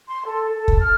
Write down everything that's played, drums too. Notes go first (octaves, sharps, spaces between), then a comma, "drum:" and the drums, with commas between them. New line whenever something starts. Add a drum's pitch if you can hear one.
C6
A4
A4
drum: kick
F6